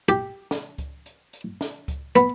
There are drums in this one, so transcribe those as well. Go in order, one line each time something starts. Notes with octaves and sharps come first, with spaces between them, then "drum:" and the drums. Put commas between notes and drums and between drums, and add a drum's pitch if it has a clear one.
G4
drum: snare
drum: kick C#2, hi-hat
drum: hi-hat
drum: hi-hat
drum: snare
drum: kick C#2, hi-hat
B3, drum: hi-hat